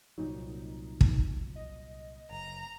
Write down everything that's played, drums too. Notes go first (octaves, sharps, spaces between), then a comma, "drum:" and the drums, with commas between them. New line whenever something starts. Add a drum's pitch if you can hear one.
C2 A#2 F#3 D#4
drum: kick
D#5
F#1 A#5